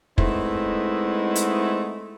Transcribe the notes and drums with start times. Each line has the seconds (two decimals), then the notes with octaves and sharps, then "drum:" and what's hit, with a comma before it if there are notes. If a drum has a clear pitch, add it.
0.18 G#3 A3 B3 C4 D#4 E4, drum: kick
1.36 drum: hi-hat